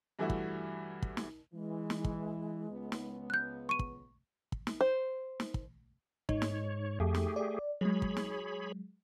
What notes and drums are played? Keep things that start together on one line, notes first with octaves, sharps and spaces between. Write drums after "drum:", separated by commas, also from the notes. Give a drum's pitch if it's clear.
G2 E3 A3 E4 F#4
drum: kick
drum: kick
drum: snare
E3 G#3
drum: snare
drum: kick
C#2 B3
drum: snare
F#6 G6
C#6 D#7
drum: kick
drum: kick
drum: snare
C5
drum: snare
drum: kick
G#2 D#4 C#5, drum: kick
drum: snare
F2 A3 G4 G#4
drum: snare
D5
F#3 G#3 G#4 C#5 B5
drum: kick
drum: snare